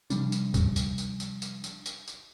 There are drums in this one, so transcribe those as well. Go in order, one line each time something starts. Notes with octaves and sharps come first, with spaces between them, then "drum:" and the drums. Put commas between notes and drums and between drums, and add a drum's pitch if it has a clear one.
C3 F3 G3 D4, drum: tambourine
drum: tambourine
drum: kick, tambourine
drum: tambourine
drum: tambourine
drum: tambourine
drum: tambourine
drum: tambourine
drum: tambourine
drum: tambourine